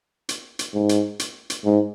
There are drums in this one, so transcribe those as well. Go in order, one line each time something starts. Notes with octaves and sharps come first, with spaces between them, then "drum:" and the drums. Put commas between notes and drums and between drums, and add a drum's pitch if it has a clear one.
drum: hi-hat
drum: hi-hat
G#2
drum: hi-hat
drum: hi-hat
drum: hi-hat
G#2